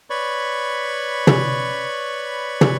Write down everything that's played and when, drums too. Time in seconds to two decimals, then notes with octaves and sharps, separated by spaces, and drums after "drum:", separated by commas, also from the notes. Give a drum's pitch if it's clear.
0.10 B4 C#5 D5 B5 C#6
1.27 drum: tom
2.61 drum: tom